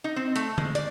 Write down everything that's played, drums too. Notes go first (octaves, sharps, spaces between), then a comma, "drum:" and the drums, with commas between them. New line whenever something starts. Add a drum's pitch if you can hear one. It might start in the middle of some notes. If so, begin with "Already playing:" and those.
D#4
C4
A3, drum: hi-hat
G#3, drum: tom D3
D5, drum: hi-hat